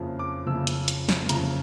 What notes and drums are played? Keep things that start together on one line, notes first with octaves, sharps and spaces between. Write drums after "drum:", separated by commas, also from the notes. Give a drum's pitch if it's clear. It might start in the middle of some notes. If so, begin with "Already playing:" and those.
Already playing: F#1 F2 C#3 F3
D6
F#1 F2 C#3 F3 E6
drum: hi-hat
drum: hi-hat
drum: snare
F#1 F2 C#3 F3 A#5, drum: hi-hat